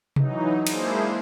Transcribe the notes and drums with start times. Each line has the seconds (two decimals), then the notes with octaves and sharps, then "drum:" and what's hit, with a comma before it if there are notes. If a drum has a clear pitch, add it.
0.16 E3 F#3 D#4, drum: tom C3
0.67 G#3 A#3 D4 E4 G#4 C5, drum: cymbal